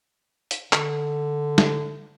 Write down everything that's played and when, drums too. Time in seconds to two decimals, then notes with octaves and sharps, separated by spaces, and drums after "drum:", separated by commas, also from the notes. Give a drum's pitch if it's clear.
0.51 drum: hi-hat
0.73 D3, drum: clap
1.58 drum: snare